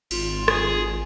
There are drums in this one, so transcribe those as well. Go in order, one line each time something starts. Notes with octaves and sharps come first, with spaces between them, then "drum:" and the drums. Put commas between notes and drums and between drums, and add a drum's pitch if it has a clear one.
G#1 F4, drum: cymbal
G#4, drum: rim click